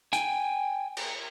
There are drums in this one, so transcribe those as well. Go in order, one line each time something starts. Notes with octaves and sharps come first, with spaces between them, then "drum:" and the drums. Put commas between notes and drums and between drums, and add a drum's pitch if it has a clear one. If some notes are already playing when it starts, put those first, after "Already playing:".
G5 G#5, drum: hi-hat
drum: cymbal